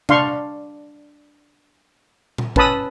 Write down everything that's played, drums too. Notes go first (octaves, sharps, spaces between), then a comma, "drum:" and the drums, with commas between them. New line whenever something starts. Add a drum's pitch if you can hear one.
D4 F5 C6 C#6, drum: tom C3
drum: tom A#2
C#4 B4 A5 B5 D#6 E6, drum: kick